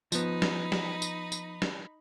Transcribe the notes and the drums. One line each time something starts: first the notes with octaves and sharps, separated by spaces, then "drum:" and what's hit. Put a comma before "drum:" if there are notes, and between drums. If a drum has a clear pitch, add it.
F3 B3 D#4 B5, drum: tambourine
drum: snare
drum: snare
drum: tambourine
drum: tambourine
drum: snare